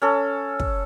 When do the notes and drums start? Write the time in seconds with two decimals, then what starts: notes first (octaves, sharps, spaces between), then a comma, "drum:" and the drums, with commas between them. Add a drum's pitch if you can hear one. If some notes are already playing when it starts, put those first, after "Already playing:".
0.02 C#4 A4
0.60 drum: kick